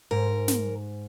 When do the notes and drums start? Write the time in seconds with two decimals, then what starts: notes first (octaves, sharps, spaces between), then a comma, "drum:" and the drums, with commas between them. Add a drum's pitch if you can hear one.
0.11 G#2 A#4
0.48 drum: snare